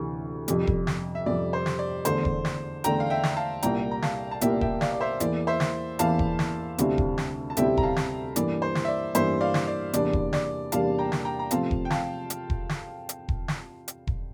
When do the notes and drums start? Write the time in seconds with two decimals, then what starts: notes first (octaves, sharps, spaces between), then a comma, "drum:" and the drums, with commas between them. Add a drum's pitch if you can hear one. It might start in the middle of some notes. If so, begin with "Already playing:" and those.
Already playing: D2 C3 E3
0.48 F2 C3 G3, drum: hi-hat
0.67 drum: kick E1
0.87 drum: snare
1.15 E5
1.26 F2 C3 G3 D5
1.53 C5
1.66 drum: snare
1.79 D5
2.05 E2 D3 A3 C5, drum: hi-hat
2.25 drum: kick E1
2.45 drum: snare
2.84 E2 D3 A3 G5 A#5, drum: hi-hat
3.00 F5
3.10 E5 G5
3.23 drum: snare
3.36 F5 A5
3.62 C2 A#2 G3 A#3 E4 G5 A#5, drum: hi-hat
3.91 A#5
4.02 F5 A5, drum: snare
4.31 A5
4.41 C2 A#2 G3 A#3 E4 E5 G5, drum: hi-hat
4.61 E5 G5, drum: kick E1
4.81 D5 F5, drum: snare
4.92 D5
5.00 C5 E5
5.20 E2 E3 A#3 E4 D5, drum: hi-hat
5.47 C5 E5
5.60 drum: snare
5.99 E2 E3 A#3 E4 F5 A5, drum: hi-hat
6.19 drum: kick E1
6.39 drum: snare
6.78 D2 C3 G3 C4 E4, drum: hi-hat
6.98 drum: kick E1
7.18 drum: snare
7.50 A5
7.57 D2 C3 G3 C4 E4 E5 G5, drum: hi-hat
7.77 A#5, drum: kick E1
7.83 F5 A5
7.96 drum: snare
8.36 G2 E3 A#3 D5, drum: hi-hat
8.62 C5
8.75 drum: snare
8.84 E5
8.88 D5
9.15 G2 E3 A#3 C5 E5, drum: hi-hat
9.41 D5 F5
9.54 drum: snare
9.68 D5
9.93 E2 C3 G3 A#3 D4 D5, drum: hi-hat
10.13 drum: kick E1
10.33 D5, drum: snare
10.72 E2 C3 G3 A#3 D4 F5 A5, drum: hi-hat
10.98 G5 A#5
11.12 drum: snare
11.25 G5 A#5
11.39 A#5
11.51 C3 F3 A3 C4 F4 F5 A5, drum: hi-hat
11.71 drum: kick E1
11.85 G5
11.90 F5 A5, drum: snare
12.30 drum: hi-hat
12.50 drum: kick E1
12.69 drum: snare
13.09 drum: hi-hat
13.29 drum: kick E1
13.48 drum: snare
13.88 drum: hi-hat
14.07 drum: kick E1